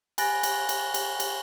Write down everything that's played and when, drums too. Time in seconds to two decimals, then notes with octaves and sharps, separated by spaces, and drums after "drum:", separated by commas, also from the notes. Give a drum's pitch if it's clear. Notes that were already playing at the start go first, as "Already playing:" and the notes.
0.18 G#5 B5 F#6 A6 A#6, drum: cymbal
0.43 drum: cymbal
0.69 drum: cymbal
0.94 drum: cymbal
1.20 drum: cymbal